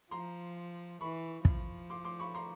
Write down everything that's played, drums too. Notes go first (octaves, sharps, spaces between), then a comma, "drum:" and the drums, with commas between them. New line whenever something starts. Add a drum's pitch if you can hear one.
F3 A#5 C6
E3 B5 C#6
F3, drum: kick
C6 D6
C6 D6
B5 C#6
A#5 C6